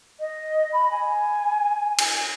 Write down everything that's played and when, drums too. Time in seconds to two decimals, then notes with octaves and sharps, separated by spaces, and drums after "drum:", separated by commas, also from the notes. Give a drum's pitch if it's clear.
0.20 D#5
0.73 B5
0.91 G#5
1.99 drum: cymbal